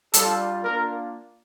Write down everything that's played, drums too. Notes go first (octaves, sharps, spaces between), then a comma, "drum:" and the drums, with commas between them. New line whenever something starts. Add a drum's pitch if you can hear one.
G3 D4 F4 A4, drum: hi-hat
A#3 D4 F4 A#4